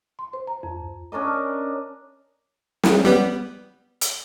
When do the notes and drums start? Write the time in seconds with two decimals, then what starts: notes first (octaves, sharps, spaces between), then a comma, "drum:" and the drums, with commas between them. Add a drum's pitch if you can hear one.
0.19 C6
0.33 C5
0.47 A#5
0.63 F2
1.12 C#4 D4 A#4 D#5
2.83 drum: snare
3.05 G3 B3
4.01 drum: hi-hat